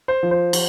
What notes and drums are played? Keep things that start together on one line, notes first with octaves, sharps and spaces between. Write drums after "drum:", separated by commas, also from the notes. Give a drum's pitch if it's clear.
C5
F3
C5
F3, drum: cymbal